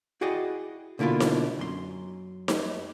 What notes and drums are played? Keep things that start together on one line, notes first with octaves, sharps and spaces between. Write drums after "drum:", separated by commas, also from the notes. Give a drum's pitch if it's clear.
E4 F#4 G#4 D5 D#5 G5
B2 D3 A#3 E4 F4
drum: snare D#4
F#2 C6
drum: snare D#4